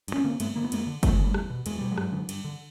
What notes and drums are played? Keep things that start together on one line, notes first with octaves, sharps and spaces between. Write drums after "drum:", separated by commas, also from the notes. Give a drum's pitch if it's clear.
G2, drum: cymbal
C#4
D3 A#3 C4
G2 A3 B3, drum: cymbal
D3 A#3
B3
F2 G#3 A#3, drum: cymbal
D3
F2 A3, drum: kick, cymbal
G#3
D3
G3 A3
E2, drum: rim click
B2
E2 G#3, drum: cymbal
B2 G3
F#3 G#3
G2, drum: rim click
D3
G2, drum: cymbal
D3